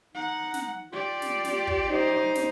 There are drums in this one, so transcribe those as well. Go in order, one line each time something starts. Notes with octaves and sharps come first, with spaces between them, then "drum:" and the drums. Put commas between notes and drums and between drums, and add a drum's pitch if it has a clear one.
D#4 F#5
drum: snare
F4 G4 D5
drum: snare
drum: snare
drum: kick
D#4 C5
drum: snare